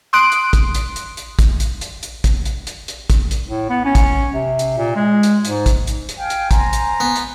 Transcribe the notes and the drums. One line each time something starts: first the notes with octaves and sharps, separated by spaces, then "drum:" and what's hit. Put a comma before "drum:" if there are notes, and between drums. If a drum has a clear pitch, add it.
C6 D#6 F#6 D7
drum: hi-hat
drum: kick, hi-hat
drum: hi-hat
drum: hi-hat
drum: hi-hat
drum: kick, hi-hat
drum: hi-hat
drum: hi-hat
drum: hi-hat
drum: kick, hi-hat
drum: hi-hat
drum: hi-hat
drum: hi-hat
drum: kick, hi-hat
drum: hi-hat
A2
B3
C#4
drum: kick, hi-hat
C3
drum: hi-hat
A#2
G#3
drum: hi-hat
G#2, drum: hi-hat
drum: kick, hi-hat
drum: hi-hat
drum: hi-hat
F5 G5 G#5
drum: hi-hat
C5 G#5 A#5, drum: kick, hi-hat
drum: hi-hat
B3
drum: hi-hat